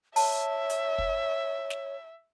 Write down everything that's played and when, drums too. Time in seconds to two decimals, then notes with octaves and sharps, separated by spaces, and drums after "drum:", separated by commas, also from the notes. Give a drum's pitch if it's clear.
0.16 C#5 E5 A5, drum: open hi-hat
0.70 drum: hi-hat
0.98 drum: kick
1.70 drum: snare